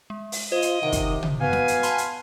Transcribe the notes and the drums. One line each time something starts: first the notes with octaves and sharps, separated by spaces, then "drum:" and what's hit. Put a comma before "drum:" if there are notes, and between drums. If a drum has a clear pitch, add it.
G#3
drum: open hi-hat
F4 C5 D#5
drum: hi-hat
C3 D#3 F#5
drum: kick, hi-hat
drum: tom
B3 F#4 B4 F5 G#5
drum: snare
drum: hi-hat
A5 B5 C6, drum: hi-hat
drum: hi-hat